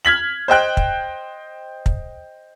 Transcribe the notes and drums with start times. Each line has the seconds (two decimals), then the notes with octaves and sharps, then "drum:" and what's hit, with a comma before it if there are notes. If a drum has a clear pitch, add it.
0.05 F6 G#6 B6 F#7
0.48 C5 D#5 G5 F#6
0.77 drum: kick
1.86 drum: kick